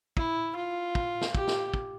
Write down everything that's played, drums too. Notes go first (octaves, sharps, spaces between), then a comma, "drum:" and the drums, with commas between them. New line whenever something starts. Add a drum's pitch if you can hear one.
E4, drum: kick
F4
drum: kick
drum: snare
G4, drum: kick
drum: snare
drum: kick